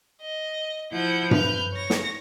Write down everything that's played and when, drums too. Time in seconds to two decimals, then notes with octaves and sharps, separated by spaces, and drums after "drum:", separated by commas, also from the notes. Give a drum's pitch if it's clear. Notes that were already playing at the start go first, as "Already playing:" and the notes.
0.22 D#5
0.93 F3 E4 F#5 G6
1.31 B4 F6 G6, drum: tom G2
1.74 C#5 A#6
1.90 drum: snare